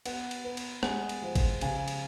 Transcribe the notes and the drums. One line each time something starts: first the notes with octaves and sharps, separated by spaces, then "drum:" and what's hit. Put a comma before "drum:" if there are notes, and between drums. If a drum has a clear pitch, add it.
B3 F#5, drum: cymbal
drum: cymbal
B3
drum: cymbal
G#3 F#5, drum: rim click
drum: cymbal
F3
drum: kick A1, cymbal
C#3 G#5, drum: cymbal
drum: cymbal